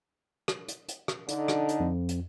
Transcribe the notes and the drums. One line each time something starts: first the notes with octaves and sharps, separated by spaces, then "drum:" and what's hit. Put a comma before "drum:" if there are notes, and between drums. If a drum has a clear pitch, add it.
drum: rim click
drum: hi-hat
drum: hi-hat
drum: rim click
D3 D#4, drum: hi-hat
drum: rim click
drum: hi-hat
F2
drum: hi-hat